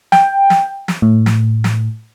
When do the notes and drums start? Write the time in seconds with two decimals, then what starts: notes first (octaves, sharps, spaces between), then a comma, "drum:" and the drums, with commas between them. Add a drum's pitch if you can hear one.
0.12 G5, drum: snare
0.50 drum: snare
0.88 drum: snare
1.02 A2
1.26 drum: snare
1.64 drum: snare